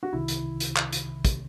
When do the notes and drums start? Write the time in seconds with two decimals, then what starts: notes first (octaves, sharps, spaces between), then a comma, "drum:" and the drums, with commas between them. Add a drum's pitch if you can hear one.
0.03 F#4
0.13 C2 C3 D#3 E4
0.28 drum: hi-hat
0.60 drum: hi-hat
0.76 drum: clap
0.92 drum: hi-hat
1.25 drum: kick, hi-hat